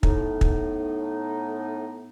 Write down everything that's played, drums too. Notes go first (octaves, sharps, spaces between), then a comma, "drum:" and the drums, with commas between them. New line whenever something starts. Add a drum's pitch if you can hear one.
A2 B3 D#4, drum: kick
drum: kick